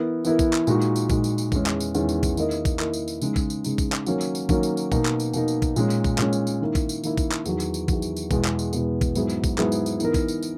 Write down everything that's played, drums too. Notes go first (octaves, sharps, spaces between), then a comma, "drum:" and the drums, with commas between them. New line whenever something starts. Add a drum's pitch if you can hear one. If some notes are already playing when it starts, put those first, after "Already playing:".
Already playing: E3 B3 E4 A#4
E3 B3 E4 A#4, drum: tambourine
drum: kick A1, tambourine
drum: clap
A#2 G#3 D#4 F#4, drum: tambourine
drum: tambourine
drum: tambourine
A#2 G#3 D#4 F#4, drum: kick A1, tambourine
drum: tambourine
drum: tambourine
E2 D#3 G#3 C#4, drum: kick A1, tambourine
drum: clap
drum: tambourine
E2 D#3 G#3 C#4, drum: tambourine
drum: tambourine
drum: kick A1, tambourine
D#3 A#3 E4 A#4 D#5, drum: tambourine
drum: tambourine
drum: kick A1, tambourine
D#3 A#3 E4 A#4 D#5, drum: clap
drum: tambourine
drum: tambourine
C#3 G#3 D#4, drum: tambourine
drum: kick A1, tambourine
drum: tambourine
C#3 G#3 D#4, drum: tambourine
drum: kick A1, tambourine
drum: clap
D#3 F#3 A#3 C#4, drum: tambourine
drum: tambourine
drum: tambourine
D#3 F#3 A#3 C#4, drum: kick A1, tambourine
drum: tambourine
drum: tambourine
B2 A#3 D#4, drum: kick A1, tambourine
drum: clap
drum: tambourine
B2 A#3 D#4, drum: tambourine
drum: tambourine
drum: kick A1, tambourine
A#2 G#3 C#4, drum: tambourine
drum: tambourine
drum: kick A1, tambourine
A#2 G#3 C#4, drum: clap
drum: tambourine
drum: tambourine
D#3 A#3 E4
drum: kick A1, tambourine
drum: tambourine
D#3 A#3 E4, drum: tambourine
drum: kick A1, tambourine
drum: clap
E2 D#3 F#3, drum: tambourine
drum: tambourine
drum: tambourine
E2 D#3 F#3, drum: kick A1, tambourine
drum: tambourine
drum: tambourine
E2 B2 G#3 B3, drum: kick A1, tambourine
drum: clap
drum: tambourine
E2 B2 G#3 B3, drum: tambourine
drum: kick A1, tambourine
G#2 F#3 B3 E4 G#4, drum: tambourine
drum: tambourine
drum: kick A1, tambourine
G#2 F#3 B3 E4 G#4, drum: clap
drum: tambourine
drum: tambourine
E3 B3 D#4 A#4, drum: tambourine
drum: kick A1, tambourine
drum: tambourine
drum: tambourine